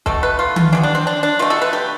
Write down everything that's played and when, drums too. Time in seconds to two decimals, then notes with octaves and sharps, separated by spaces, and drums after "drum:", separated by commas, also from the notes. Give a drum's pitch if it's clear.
0.06 B2 A3 A4, drum: kick
0.23 B4
0.39 F4
0.56 drum: tom D#3
0.73 E3 G3 B3 D4
0.83 D4
0.95 C4
1.07 D4
1.23 D4
1.39 B2 A3 F4
1.50 A4
1.62 B4
1.73 G4